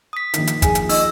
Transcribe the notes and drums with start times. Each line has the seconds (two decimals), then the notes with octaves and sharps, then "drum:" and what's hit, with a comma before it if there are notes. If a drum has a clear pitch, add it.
0.13 D#6 B6
0.34 A#1 D#3, drum: hi-hat
0.47 drum: hi-hat
0.62 F3 G#4 G#5, drum: kick, hi-hat
0.75 drum: hi-hat
0.89 D#4 D#5 E6, drum: open hi-hat